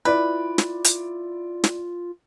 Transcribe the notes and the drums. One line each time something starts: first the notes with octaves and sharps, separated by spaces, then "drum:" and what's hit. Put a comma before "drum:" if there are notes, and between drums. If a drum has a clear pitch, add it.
E4 F4 B4 D5
drum: snare
drum: hi-hat
drum: snare